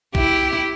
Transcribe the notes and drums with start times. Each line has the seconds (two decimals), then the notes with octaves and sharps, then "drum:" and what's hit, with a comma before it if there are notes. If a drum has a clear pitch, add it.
0.15 E4 G4, drum: kick A#1